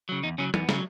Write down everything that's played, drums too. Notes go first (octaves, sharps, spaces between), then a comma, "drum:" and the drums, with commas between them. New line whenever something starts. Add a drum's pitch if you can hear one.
C#3 F#3
E2 D#4
C#3 F#3 C#4
E2 B3, drum: tom
C#3 F#3, drum: snare